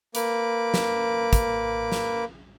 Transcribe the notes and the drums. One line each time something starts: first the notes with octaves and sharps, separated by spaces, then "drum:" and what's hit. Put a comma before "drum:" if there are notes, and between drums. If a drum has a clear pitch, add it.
A#3 B4 D6, drum: hi-hat
drum: snare
drum: kick, hi-hat
drum: snare